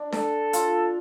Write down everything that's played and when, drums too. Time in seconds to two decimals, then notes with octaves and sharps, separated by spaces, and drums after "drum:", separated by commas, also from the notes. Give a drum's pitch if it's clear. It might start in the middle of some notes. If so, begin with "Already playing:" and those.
Already playing: D4
0.12 A4, drum: snare D4
0.53 F4, drum: hi-hat